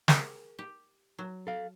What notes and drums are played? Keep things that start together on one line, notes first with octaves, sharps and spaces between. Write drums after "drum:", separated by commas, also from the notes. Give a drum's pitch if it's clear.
G#4 A#4, drum: snare
G4
F#3
A4 F5